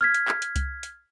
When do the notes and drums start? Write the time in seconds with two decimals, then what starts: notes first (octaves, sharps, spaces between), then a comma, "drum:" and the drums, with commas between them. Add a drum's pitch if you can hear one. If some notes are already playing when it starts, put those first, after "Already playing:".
0.01 F6 G#6 B6
0.14 drum: hi-hat
0.28 drum: clap
0.42 drum: hi-hat
0.56 drum: kick C2, hi-hat
0.83 drum: hi-hat